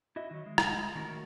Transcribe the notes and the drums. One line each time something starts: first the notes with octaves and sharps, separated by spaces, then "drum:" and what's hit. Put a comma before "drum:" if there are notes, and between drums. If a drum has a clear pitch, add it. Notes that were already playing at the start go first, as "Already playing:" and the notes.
E4 F#4 D#5 E5
D#3 F#3
G#3
drum: rim click
D#3 A3 C#4 F#4 A#4